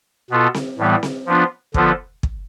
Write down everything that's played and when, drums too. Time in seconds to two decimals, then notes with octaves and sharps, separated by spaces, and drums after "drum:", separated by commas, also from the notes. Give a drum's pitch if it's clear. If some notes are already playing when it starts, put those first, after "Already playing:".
0.30 B2 B3 F4 A4
0.54 drum: snare C4
0.78 A2 E3 G3 B3
1.03 drum: snare C4
1.26 F3 B3 D4 F4
1.74 D3 F3 B3 F4 A4, drum: kick
2.23 drum: kick